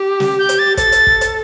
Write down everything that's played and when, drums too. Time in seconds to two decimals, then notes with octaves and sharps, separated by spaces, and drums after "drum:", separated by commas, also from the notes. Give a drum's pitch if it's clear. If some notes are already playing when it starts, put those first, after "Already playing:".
Already playing: G4
0.20 drum: snare
0.39 G6
0.49 drum: hi-hat
0.59 A6
0.77 A4 A6, drum: kick, hi-hat
0.92 drum: hi-hat
1.07 drum: kick
1.21 drum: hi-hat